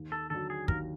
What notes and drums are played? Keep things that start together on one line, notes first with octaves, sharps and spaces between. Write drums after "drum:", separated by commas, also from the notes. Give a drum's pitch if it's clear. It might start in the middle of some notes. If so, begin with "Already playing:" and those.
Already playing: D#2
A4
D3 F#3 A4
G#4
D#2 A#4, drum: kick